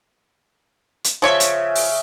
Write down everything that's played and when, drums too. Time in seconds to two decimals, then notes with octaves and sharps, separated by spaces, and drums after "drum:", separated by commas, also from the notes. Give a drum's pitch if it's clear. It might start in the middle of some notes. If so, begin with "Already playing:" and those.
1.04 drum: hi-hat
1.22 C#3 F3 C#5 D5 E5 C#6
1.40 drum: hi-hat
1.76 drum: open hi-hat